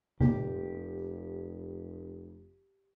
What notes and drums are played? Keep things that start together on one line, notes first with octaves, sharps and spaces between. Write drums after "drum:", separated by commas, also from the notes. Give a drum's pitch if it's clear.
F1 G4, drum: tom C3